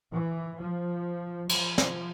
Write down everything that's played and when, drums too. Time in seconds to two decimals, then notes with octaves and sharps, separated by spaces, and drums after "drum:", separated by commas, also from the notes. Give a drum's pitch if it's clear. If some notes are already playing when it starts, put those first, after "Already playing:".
0.12 E3
0.58 F3
1.49 F3, drum: cymbal
1.78 drum: snare